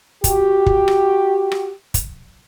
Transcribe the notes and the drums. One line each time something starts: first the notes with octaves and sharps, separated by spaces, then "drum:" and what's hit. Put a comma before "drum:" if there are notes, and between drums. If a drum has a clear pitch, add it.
F#4 G4, drum: kick, hi-hat
drum: kick
drum: rim click
drum: rim click
drum: kick, hi-hat